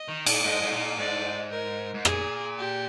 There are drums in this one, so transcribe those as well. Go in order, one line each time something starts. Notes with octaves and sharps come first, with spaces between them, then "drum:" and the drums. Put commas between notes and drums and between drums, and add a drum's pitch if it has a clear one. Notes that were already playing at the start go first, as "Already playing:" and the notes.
Already playing: D#5
D#3
A#2, drum: cymbal
G#2 D#5
G#2
A#2
G#2 D5
A#4
G#2
A#2 G#4, drum: rim click
G4